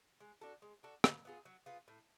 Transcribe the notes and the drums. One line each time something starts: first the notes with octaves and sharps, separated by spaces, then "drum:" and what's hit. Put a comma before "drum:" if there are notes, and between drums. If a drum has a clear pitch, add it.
G#3
D4 F#4 A4
G#3
D4 F#4 A4
F#3, drum: rim click
B3 F4 G#4
F#3
B3 F4 G#4
A2